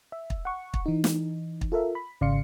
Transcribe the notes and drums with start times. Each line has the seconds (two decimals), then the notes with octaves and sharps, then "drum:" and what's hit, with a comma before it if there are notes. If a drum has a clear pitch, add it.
0.12 E5
0.30 drum: kick
0.45 F#5 C#6
0.74 drum: kick
0.86 E3 D#4
1.04 drum: snare
1.61 drum: kick
1.72 F4 A4 A#4 E5
1.95 B5
2.21 G#1 C#3 D5 F5 C6 C#7